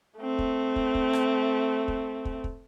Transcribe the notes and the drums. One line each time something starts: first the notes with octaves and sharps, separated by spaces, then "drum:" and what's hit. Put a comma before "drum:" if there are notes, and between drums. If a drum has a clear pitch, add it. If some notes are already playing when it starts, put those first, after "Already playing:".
A3 C4
drum: kick
drum: kick
drum: kick
drum: rim click
drum: kick
drum: kick
drum: kick